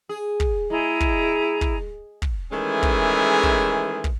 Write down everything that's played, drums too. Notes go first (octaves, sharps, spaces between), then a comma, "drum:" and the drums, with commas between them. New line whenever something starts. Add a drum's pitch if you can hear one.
G#4
drum: kick
G#3 E4 G#4 A#5
drum: kick
drum: kick
drum: kick
D#3 E3 G#3 A3 C#4 G#4
drum: kick
drum: kick
drum: kick